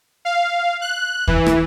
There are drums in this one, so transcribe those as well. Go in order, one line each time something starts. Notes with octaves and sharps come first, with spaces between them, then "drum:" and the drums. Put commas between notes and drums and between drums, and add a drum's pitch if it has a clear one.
F5
F#6
E3, drum: kick
drum: rim click